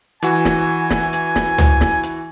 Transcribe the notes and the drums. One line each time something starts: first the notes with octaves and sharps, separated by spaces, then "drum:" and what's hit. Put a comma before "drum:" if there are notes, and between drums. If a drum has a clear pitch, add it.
E3 F#4 G#5, drum: hi-hat
drum: snare
drum: snare
drum: hi-hat
drum: snare
drum: tom
drum: snare
drum: hi-hat